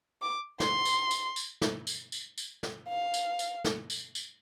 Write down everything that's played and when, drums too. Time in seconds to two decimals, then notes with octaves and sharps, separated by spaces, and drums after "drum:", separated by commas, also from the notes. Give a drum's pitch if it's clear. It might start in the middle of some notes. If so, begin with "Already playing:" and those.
0.22 D6
0.60 C6, drum: snare
0.85 drum: tambourine
1.11 drum: tambourine
1.36 drum: tambourine
1.61 drum: snare
1.87 drum: tambourine
2.12 drum: tambourine
2.38 drum: tambourine
2.63 drum: snare
2.89 F5
3.14 drum: tambourine
3.39 drum: tambourine
3.64 drum: snare
3.90 drum: tambourine
4.15 drum: tambourine